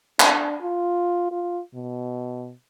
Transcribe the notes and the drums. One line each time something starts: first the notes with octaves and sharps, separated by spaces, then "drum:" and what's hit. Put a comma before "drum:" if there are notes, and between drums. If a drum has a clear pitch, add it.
D4, drum: clap
F4
F4
B2